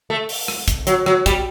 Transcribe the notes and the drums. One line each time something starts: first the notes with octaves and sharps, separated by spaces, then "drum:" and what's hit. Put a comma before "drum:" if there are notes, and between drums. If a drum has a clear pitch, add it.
A3
drum: open hi-hat
drum: rim click
drum: kick, hi-hat
F#3, drum: hi-hat
F#3, drum: rim click
G3, drum: kick, hi-hat